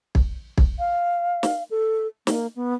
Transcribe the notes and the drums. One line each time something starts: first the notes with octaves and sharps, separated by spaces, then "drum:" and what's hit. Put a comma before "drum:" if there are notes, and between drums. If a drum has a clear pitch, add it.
drum: kick
drum: kick
F5
drum: snare
A4
A#3, drum: snare
B3